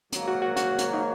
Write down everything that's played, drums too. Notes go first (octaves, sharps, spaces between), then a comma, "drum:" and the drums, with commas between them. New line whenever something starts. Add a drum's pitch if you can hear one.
G#2 D#3 F#3 A#3, drum: hi-hat
F#4
F#4
F#4, drum: hi-hat
drum: hi-hat
D#4